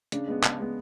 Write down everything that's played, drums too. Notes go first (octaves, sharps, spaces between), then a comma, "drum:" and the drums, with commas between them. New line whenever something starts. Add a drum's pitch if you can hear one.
C#3 D4, drum: hi-hat
G#3 B3
C#3, drum: clap
G#3 B3